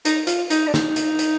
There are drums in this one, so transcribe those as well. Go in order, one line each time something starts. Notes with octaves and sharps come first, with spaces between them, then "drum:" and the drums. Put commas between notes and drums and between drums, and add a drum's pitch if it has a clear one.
D#4, drum: hi-hat
F4, drum: hi-hat
D#4, drum: hi-hat
D4
D#4, drum: snare
drum: hi-hat
drum: hi-hat